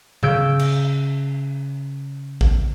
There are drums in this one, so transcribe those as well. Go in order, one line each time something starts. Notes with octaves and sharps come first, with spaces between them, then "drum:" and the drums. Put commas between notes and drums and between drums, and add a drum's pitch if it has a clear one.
C#3 E6 G6 D7, drum: tom A2
drum: cymbal
drum: kick A1